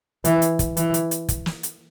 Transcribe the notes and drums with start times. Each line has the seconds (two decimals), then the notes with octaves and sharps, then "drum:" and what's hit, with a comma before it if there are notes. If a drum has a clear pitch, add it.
0.25 E3, drum: hi-hat
0.42 drum: hi-hat
0.59 drum: kick, hi-hat
0.77 E3, drum: hi-hat
0.94 drum: hi-hat
1.11 drum: hi-hat
1.29 drum: kick, hi-hat
1.46 drum: snare
1.63 drum: hi-hat